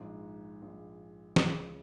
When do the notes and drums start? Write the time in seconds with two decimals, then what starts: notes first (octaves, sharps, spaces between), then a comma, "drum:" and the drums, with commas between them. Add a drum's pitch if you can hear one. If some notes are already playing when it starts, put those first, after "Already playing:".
Already playing: A#1 G#2 G#3 F4
0.62 A#1 G#2 G#3 F4
1.36 C#2 C#3 F3, drum: snare